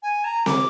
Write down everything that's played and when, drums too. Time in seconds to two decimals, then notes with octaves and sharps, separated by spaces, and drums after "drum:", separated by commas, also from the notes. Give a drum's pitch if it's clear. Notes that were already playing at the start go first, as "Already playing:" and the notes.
0.03 G#5
0.25 A#5
0.46 D6, drum: snare C4